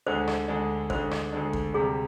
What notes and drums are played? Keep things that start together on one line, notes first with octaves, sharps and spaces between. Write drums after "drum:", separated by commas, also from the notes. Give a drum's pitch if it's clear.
D2 D3 G#3 D4 C5
drum: rim click
D2 D3 G#3 D4
D2 D3 G#3 D4 C5, drum: kick
drum: rim click
D2 D3 G#3 D4
drum: kick
D2 C3 G3 G#4